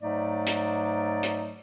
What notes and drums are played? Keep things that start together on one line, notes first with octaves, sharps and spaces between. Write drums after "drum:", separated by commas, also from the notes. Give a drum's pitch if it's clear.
G#2 F#3 A3 D#4 D5
drum: hi-hat
drum: hi-hat